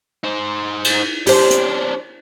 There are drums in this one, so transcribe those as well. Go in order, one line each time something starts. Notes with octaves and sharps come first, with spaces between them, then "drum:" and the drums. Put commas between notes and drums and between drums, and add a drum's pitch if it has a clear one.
D#4 C5
drum: cymbal
C#4 D4 G4 C5, drum: open hi-hat
drum: hi-hat